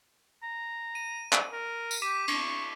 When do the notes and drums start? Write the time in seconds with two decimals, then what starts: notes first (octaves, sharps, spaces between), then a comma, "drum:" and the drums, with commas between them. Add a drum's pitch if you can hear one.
0.43 A#5
0.95 D#7
1.32 drum: clap
1.53 A#4
1.91 drum: tambourine
2.02 G4 D6 B6 D#7
2.28 C#6, drum: cymbal